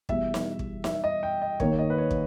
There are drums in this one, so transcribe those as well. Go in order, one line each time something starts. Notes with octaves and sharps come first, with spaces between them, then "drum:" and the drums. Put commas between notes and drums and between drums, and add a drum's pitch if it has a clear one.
E2 B2 G3 E5, drum: kick
drum: snare
drum: kick
E5, drum: snare
D#5
G5
D#5
D#2 D#3 A#3 C#5, drum: kick
D#5
B4
C#5
drum: kick